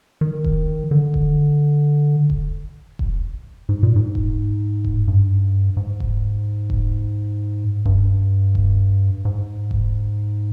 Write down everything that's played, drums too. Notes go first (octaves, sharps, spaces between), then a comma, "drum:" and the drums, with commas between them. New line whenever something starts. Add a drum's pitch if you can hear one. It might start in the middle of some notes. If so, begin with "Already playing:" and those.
D#3
drum: kick E1
D3
drum: kick E1
drum: kick E1
drum: kick E1
G#2
A#2
G#2
drum: kick E1
drum: kick E1
G2
G#2
drum: kick E1
drum: kick E1
G2, drum: kick E1
drum: kick E1
G#2
drum: kick E1